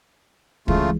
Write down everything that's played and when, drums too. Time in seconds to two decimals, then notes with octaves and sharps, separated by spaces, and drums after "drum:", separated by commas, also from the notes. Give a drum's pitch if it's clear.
0.68 C#3 E3 G#3 A3 F4, drum: kick